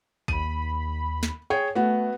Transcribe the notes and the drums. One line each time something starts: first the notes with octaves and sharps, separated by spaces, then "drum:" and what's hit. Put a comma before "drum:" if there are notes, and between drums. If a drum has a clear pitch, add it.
D#2 B5 D#7, drum: kick A1
drum: snare
G#4 C#5 G5
A3 B3 F#4